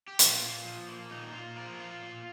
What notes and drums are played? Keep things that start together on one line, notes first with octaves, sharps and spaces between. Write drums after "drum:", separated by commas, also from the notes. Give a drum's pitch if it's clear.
G4
A#2 F4, drum: hi-hat
A#2
F3
A#3
A#2 D#4
A#2 F4
F3 A#4
A#3 F4
A#2